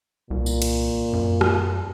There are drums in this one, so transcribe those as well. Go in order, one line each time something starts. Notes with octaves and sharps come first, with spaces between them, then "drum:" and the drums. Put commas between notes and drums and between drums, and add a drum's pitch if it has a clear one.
C2 A#2
drum: tambourine
drum: cymbal
F#2
drum: rim click